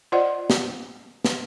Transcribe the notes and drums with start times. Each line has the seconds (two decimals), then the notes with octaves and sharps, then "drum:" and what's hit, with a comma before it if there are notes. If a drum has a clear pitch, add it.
0.12 F4 C5 D5 D#5 F#5
0.50 drum: snare
1.25 drum: snare